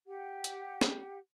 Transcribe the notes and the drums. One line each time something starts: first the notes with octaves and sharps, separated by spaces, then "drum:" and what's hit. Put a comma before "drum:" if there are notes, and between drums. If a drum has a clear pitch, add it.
G4 F#5
drum: hi-hat
drum: snare